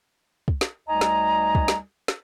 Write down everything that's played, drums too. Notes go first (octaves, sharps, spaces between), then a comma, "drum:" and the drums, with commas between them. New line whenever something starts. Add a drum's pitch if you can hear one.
drum: kick
drum: snare
D2 G3 D#4 D#5 G#5 A#5
drum: snare
drum: kick
drum: snare
drum: snare